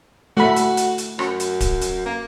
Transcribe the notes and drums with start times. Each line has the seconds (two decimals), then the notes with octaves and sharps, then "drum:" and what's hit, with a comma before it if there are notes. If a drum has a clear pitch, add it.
0.37 A3 F#4 B5
0.56 drum: hi-hat
0.77 drum: hi-hat
0.98 drum: hi-hat
1.19 F#2, drum: rim click
1.40 drum: hi-hat
1.60 drum: kick D1, hi-hat
1.81 drum: hi-hat
2.06 A#3